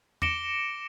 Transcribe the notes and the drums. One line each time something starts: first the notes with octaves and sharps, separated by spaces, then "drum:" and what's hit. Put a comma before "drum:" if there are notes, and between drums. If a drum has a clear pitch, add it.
D6 A#6 C#7 D7 E7 G7, drum: tom E2